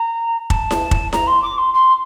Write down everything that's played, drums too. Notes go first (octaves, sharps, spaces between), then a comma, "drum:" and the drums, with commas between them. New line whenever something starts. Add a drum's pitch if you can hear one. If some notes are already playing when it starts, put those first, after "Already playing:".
Already playing: A#5
A5, drum: kick
drum: snare E4
drum: kick
A#5, drum: snare E4
C6
D6
C6
C6